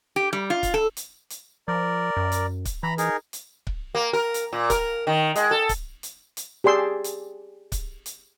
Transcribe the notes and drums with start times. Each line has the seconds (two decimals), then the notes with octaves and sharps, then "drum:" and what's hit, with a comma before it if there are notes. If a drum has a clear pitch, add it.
0.16 G4
0.33 G3
0.50 F4
0.63 drum: kick C#1, hi-hat
0.74 A4
0.97 drum: hi-hat
1.30 drum: hi-hat
1.68 F3 A#4 D5
2.17 F#2
2.32 drum: hi-hat
2.65 drum: kick C#1, hi-hat
2.83 E3 A#5 B5
2.98 D#4 G#4 A#4, drum: hi-hat
3.33 drum: hi-hat
3.67 drum: kick C#1
3.95 A#3
4.13 A#4
4.34 drum: hi-hat
4.53 A#2
4.70 A#4, drum: kick C#1, hi-hat
5.07 D#3
5.36 G#3, drum: hi-hat
5.51 A4
5.69 drum: kick C#1, hi-hat
6.03 drum: hi-hat
6.37 drum: hi-hat
6.64 G4 G#4 D5 C6 E6
7.04 drum: hi-hat
7.72 drum: kick C#1, hi-hat
8.06 drum: hi-hat